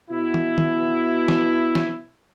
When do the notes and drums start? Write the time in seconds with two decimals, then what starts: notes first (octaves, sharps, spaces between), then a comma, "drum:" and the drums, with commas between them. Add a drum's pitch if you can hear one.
0.11 B2 E4
0.34 drum: tom
0.58 drum: tom
1.28 drum: snare
1.75 drum: snare